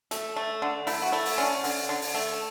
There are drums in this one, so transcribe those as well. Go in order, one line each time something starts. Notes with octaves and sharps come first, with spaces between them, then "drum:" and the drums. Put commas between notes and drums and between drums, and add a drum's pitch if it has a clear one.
A3, drum: hi-hat
A3
D3
A3 E4, drum: open hi-hat
F#4
A3 E4
drum: open hi-hat
D3 C#4
D3, drum: open hi-hat
D3
drum: open hi-hat
A3